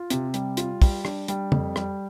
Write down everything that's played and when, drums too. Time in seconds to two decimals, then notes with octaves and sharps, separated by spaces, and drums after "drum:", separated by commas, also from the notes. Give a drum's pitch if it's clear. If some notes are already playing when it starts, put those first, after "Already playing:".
Already playing: F4
0.10 C3, drum: hi-hat
0.34 G3, drum: hi-hat
0.57 F4, drum: hi-hat
0.82 G3, drum: kick, open hi-hat
1.05 D4, drum: rim click
1.28 G3, drum: hi-hat
1.52 F2, drum: tom
1.76 G3, drum: rim click